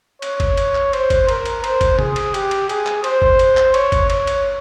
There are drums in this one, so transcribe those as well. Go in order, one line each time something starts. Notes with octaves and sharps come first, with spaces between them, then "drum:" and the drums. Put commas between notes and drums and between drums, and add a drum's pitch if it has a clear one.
C#5, drum: cymbal
drum: kick G1, cymbal
drum: cymbal
drum: clap
C5, drum: cymbal
drum: kick G1, cymbal
A#4, drum: cymbal
drum: cymbal
C5, drum: cymbal
drum: kick G1, cymbal
G#4, drum: tom
drum: cymbal
G4, drum: cymbal
drum: cymbal
G#4, drum: cymbal
drum: clap
C5, drum: cymbal
drum: kick G1
drum: cymbal
drum: clap
C#5, drum: cymbal
drum: kick G1, cymbal
C#5, drum: cymbal
drum: cymbal